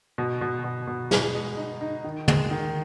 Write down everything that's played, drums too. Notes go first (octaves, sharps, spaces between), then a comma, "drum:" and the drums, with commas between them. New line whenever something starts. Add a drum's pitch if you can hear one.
B2
B2
B2
B2
B2, drum: snare
G#3
D#4
D#4
D#3
G#3, drum: tom
D#3